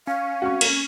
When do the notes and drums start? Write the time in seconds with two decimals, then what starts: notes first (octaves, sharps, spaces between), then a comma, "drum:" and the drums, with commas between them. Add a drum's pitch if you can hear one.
0.07 C#4 F5
0.42 F#4 C#6
0.61 A#3 A#4, drum: cymbal